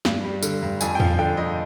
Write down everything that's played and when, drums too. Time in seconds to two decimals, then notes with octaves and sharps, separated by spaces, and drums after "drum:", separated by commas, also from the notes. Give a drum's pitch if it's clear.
0.05 G2, drum: snare
0.24 G3
0.43 D3, drum: tambourine
0.63 G2
0.81 F2 G#5, drum: tambourine
0.95 G5
1.00 F3 F5, drum: tom E2
1.19 D3 G5
1.37 F2 D#5